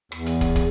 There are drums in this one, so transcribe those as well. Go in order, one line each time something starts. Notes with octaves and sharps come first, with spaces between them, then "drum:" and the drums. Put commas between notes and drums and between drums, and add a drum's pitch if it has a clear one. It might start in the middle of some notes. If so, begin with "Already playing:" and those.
E2, drum: rim click
drum: hi-hat
drum: kick, hi-hat
drum: kick, hi-hat